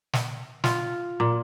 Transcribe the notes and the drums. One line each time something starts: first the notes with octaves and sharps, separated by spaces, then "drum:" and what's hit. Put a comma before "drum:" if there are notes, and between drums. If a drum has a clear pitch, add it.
drum: snare
F4, drum: snare
A#2